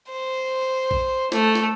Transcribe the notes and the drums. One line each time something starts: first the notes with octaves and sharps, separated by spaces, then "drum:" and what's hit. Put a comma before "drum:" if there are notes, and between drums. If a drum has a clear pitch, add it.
C5
drum: kick A1
A3, drum: snare
drum: snare